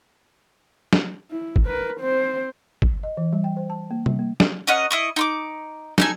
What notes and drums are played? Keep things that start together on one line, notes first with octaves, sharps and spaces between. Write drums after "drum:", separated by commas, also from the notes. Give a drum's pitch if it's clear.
drum: snare
E4
drum: kick
A#4 B4
C4 C5
drum: kick
D#5
E3
G3
G5
C5
A5
A#3
G3, drum: tom C3
A#3
drum: snare
C#4 A#4 D#5 F#5
E4 D#5 C#6
D#4 C6 D6
D#4 A4 G#5, drum: snare